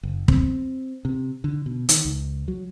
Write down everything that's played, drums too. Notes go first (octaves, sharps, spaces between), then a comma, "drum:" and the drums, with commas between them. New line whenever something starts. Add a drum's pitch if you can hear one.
F#1
C4, drum: kick
C3
D3
B2
D#3, drum: hi-hat
C#2
F#3